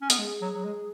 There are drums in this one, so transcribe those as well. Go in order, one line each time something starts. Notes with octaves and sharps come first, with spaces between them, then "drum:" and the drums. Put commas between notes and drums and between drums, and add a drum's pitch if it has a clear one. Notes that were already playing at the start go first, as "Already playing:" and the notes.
C#4
B3, drum: hi-hat
G#3 G#4
F#3
F#3
G#3